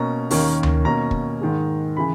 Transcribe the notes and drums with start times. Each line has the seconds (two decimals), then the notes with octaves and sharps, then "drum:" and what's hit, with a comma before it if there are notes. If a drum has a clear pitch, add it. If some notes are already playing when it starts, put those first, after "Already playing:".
Already playing: B2 A#3 C#4 A#5
0.31 D#2 D#3 A#3 C#4, drum: open hi-hat
0.63 drum: tom D2
0.85 B2 A#3 C#4 A#5
1.11 drum: kick
1.41 G#2 D#3 G#3
1.97 C#3 E3 B5